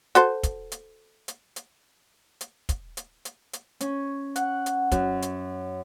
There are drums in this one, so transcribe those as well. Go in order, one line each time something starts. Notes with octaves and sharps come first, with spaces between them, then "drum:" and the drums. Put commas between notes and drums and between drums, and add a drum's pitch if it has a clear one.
F#4 A4 C5, drum: hi-hat
drum: kick, hi-hat
drum: hi-hat
drum: hi-hat
drum: hi-hat
drum: hi-hat
drum: kick, hi-hat
drum: hi-hat
drum: hi-hat
drum: hi-hat
C#4, drum: hi-hat
F#5, drum: hi-hat
drum: hi-hat
F#2, drum: kick, hi-hat
drum: hi-hat